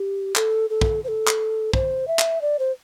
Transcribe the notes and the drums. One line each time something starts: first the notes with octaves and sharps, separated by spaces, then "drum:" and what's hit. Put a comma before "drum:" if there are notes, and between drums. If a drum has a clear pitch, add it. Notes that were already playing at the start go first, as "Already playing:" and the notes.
Already playing: G4
A4, drum: clap
A4
drum: kick
C5
A4
drum: clap
C5, drum: kick
E5
drum: clap
D5
C5